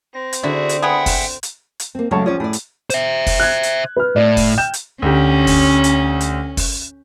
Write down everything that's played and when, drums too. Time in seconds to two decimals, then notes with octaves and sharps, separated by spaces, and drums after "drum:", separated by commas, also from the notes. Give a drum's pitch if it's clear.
0.14 C4 A#6
0.33 drum: hi-hat
0.43 D3 E4 F#4 G#4 E5
0.69 drum: hi-hat
0.82 B3 G#4 E5 F#5 G5
1.06 drum: kick, open hi-hat
1.43 drum: hi-hat
1.80 drum: hi-hat
1.95 A#3 C4
2.11 C#2 C#3 F#3 A3 C#5 A5
2.26 F3 C#4 G#4 D5
2.40 A2 G#4 D5
2.53 drum: hi-hat
2.90 C5 E5, drum: hi-hat
3.27 drum: kick, open hi-hat
3.40 F#6 G#6
3.63 drum: hi-hat
3.96 B4 F6
4.16 A2 D5
4.37 drum: kick, open hi-hat
4.58 G5 G6 E7
4.74 drum: hi-hat
5.02 D2 C#4 G4
5.47 drum: kick, open hi-hat
5.84 drum: hi-hat
6.21 drum: hi-hat
6.57 drum: kick, open hi-hat